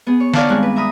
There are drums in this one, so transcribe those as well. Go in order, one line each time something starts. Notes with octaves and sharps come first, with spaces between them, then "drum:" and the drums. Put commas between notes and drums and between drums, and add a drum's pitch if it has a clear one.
B3 G#4
C#5
A#4 C#5 D5 F5 F#5 A5, drum: snare
G2 D#3 G#3 C4 G#5 F#6
B4
E5 A#5 B5 D#6